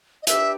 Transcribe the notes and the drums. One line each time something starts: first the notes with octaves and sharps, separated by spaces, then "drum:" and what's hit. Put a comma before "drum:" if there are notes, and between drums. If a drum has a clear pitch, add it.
D#5
D4 G4 B4 E5, drum: hi-hat